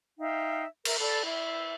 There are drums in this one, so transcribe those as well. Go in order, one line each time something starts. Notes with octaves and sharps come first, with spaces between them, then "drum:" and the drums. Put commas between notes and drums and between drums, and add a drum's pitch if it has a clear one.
D#4 E5 F5 G5
A#4 E5, drum: cymbal
A4 D5 B5
E4 E5